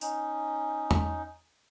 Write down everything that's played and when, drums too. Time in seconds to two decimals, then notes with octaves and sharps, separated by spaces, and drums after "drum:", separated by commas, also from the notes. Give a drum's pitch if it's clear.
0.01 C#4 D#4, drum: tambourine
0.91 drum: tom E2